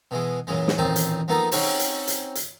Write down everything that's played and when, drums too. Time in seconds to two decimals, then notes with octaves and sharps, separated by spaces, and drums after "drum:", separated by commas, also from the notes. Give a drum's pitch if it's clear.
0.11 B2 E3 G#3
0.47 F#2 A#2 C#3 E3 G#3
0.68 drum: snare
0.78 A1 D#2 A#2 C4 D#4 A5
0.96 drum: hi-hat
1.28 F2 A#3 B3 D#4 A4 A#5
1.52 C4 C#4 D#4 F#4 G#5, drum: open hi-hat
1.79 drum: hi-hat
2.07 drum: hi-hat
2.35 drum: hi-hat